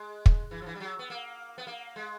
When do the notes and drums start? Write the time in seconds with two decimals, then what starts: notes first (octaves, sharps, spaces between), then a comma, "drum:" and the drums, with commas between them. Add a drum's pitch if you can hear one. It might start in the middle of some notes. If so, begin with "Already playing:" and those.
Already playing: G#3
0.26 drum: kick
0.51 E3
0.62 F3
0.66 E3
0.75 G3
0.80 F#3
0.99 B3
1.10 A#3
1.58 B3
1.67 A#3
1.96 G#3